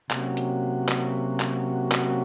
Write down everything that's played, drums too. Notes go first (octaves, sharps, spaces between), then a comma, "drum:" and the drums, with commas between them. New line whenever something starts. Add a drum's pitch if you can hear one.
C3 F#3 A#3 C#4 F#4, drum: clap
drum: hi-hat
drum: clap
drum: clap
drum: clap